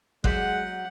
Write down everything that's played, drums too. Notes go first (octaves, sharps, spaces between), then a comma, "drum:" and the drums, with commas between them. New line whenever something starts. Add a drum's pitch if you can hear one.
F#3 G#3 D5 F#5 F#6 G6 B6, drum: kick G1